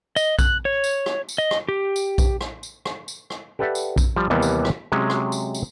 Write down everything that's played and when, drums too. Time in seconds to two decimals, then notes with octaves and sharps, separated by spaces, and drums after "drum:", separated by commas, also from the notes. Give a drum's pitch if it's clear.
0.16 D#5, drum: tambourine
0.39 F#6, drum: kick A#1, tambourine
0.65 C#5
0.84 drum: tambourine
1.06 drum: rim click
1.29 drum: tambourine
1.38 D#5
1.51 drum: rim click
1.69 G4
1.96 drum: tambourine
2.18 drum: kick A#1, tambourine
2.41 drum: rim click
2.63 drum: tambourine
2.85 drum: rim click
3.08 drum: tambourine
3.30 drum: rim click
3.59 G4 A4 B4 D5 E5 F#5
3.75 drum: tambourine
3.98 drum: kick A#1, tambourine
4.16 F3 G3
4.30 D#2 C3 E3 G3 A#3 B3
4.42 drum: tambourine
4.65 drum: rim click
4.92 C3 F#3 G#3 C#4
5.10 drum: rim click
5.32 drum: tambourine
5.55 drum: tambourine